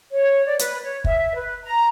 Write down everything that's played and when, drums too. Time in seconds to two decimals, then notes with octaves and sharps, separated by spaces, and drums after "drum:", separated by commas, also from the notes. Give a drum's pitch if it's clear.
0.11 C#5
0.46 D5
0.59 B4, drum: hi-hat
0.83 C#5
1.04 E5, drum: kick
1.35 B4
1.64 A#5